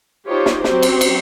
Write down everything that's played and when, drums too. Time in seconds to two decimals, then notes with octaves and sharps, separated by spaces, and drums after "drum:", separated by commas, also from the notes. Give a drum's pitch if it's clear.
0.28 D#4 F4 G4 C5 C#5
0.46 drum: snare
0.64 F#3 C4 F#4 G4 C5, drum: snare
0.83 drum: cymbal
1.01 drum: cymbal